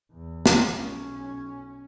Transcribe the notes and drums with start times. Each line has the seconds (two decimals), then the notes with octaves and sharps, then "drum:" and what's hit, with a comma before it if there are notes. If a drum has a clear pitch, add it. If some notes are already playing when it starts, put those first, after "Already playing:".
0.11 E2
0.46 drum: snare
0.72 B1 C#4